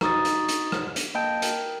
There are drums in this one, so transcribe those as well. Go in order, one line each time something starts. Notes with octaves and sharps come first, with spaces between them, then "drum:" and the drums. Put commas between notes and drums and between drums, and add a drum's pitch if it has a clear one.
D#4 F#4 D#6 A6, drum: rim click
drum: hi-hat
drum: hi-hat
drum: rim click
drum: hi-hat
A#3 D#5 G5 A5 G6 D7
A#4 G5, drum: hi-hat